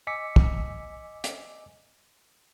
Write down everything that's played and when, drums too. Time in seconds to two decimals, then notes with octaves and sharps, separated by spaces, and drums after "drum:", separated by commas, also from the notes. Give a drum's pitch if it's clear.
0.07 D#5 G#5 D6 E6 B6 C#7
0.36 drum: kick
1.24 drum: hi-hat